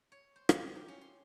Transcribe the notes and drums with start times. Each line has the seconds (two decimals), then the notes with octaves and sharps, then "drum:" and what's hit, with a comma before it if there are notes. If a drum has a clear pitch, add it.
0.12 C#5
0.36 C5
0.49 A#5, drum: rim click
0.62 C4
0.75 G4
0.88 C#4
1.01 C6